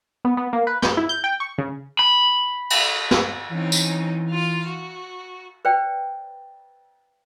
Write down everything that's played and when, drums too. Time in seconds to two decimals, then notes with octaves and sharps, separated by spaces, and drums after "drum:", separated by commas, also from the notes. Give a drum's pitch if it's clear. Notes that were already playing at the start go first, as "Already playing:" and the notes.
0.25 B3
0.37 B3
0.53 A#3
0.67 B4
0.82 G6, drum: snare
0.97 E4
1.09 G6
1.24 G5
1.40 C#6
1.58 C#3
1.99 B5
2.70 drum: cymbal
3.11 drum: snare
3.51 E3 C4 C#4 D#4
3.72 drum: tambourine
4.30 F4 F5
4.67 F#4
5.65 B4 C5 D5 G5